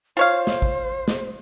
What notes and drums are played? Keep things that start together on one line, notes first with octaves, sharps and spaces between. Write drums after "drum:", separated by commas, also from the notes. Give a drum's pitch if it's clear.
F4 C5 C#5 F5
drum: snare
drum: kick
drum: snare